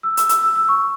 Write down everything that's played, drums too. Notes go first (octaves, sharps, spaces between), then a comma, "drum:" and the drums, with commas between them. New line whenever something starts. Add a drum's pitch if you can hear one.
E6
E6, drum: hi-hat
E6, drum: hi-hat
E6
E6
C#6